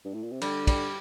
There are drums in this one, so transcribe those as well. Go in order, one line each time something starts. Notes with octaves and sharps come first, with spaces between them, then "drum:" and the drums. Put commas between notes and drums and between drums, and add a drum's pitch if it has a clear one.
G2
A2
A#2
C3
D3 G3, drum: cymbal
G3, drum: kick, cymbal